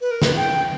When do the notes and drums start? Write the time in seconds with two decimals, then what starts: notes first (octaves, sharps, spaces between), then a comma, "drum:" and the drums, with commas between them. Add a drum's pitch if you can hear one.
0.01 B4
0.11 A#4
0.22 B4, drum: snare
0.36 G5